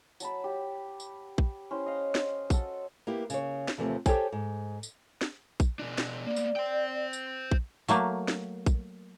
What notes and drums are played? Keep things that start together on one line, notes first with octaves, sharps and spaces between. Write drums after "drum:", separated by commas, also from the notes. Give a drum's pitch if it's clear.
F#3 A5 B5, drum: tambourine
G4
drum: tambourine
drum: kick A#1
C#4 E4 C5
D#5 F5
drum: snare
F#4 A4, drum: kick A#1, tambourine
A#3 B3 E4 G4
C#3 C#5, drum: tambourine
drum: snare
D#2 C3 E3 F3 A3 C4
G4 A4 C5 C#5 G5 G#5, drum: kick A#1, tambourine
G#2
drum: tambourine
drum: snare
drum: kick A#1, tambourine
B2 D4
drum: snare
A#3 B3 D5
drum: tambourine
C5 G5
drum: tambourine
drum: kick A#1
F#3 A3 A#3, drum: tambourine
drum: snare
drum: kick A#1, tambourine